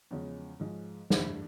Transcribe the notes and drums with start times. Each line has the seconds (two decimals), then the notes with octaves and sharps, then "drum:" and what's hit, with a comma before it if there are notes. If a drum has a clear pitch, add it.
0.11 E2 C#3 F3 G#3 C#4 C#5
0.60 G#2 F3 G#3
1.10 G2 E3 A3 D4 C5, drum: snare